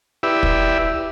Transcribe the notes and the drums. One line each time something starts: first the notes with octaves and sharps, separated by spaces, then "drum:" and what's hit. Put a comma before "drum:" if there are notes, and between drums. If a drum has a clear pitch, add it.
E4 G4 B4 D5 E5
drum: kick